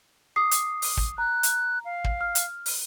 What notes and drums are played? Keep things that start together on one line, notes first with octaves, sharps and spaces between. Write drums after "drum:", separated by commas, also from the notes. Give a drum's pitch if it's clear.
D6 D#6 C7
drum: hi-hat
drum: open hi-hat
drum: kick
A#5 F#6
drum: hi-hat
F5
drum: kick
F6
drum: hi-hat
drum: open hi-hat